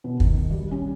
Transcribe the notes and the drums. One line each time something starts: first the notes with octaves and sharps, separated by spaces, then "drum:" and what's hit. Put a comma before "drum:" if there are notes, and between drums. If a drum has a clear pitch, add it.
B2
D#3, drum: kick
G3
C#4